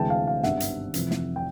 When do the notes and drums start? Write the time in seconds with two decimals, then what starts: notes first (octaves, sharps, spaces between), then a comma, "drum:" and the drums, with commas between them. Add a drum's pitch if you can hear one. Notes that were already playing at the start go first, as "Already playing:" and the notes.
Already playing: D2 C3 E3 G#3 G5 A5
0.10 F5
0.27 F5
0.43 G#1 G2 D#3 G3 B3 E5 F#5, drum: snare
0.60 drum: hi-hat
0.94 F1 F2 C3 E3, drum: hi-hat
1.11 drum: snare
1.36 G5